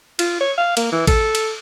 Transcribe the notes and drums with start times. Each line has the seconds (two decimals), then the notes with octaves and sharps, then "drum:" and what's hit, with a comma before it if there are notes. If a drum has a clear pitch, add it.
0.19 F4, drum: cymbal
0.40 C#5
0.58 F5
0.77 A#3, drum: cymbal
0.92 E3
1.07 A4, drum: kick A1, cymbal
1.35 drum: cymbal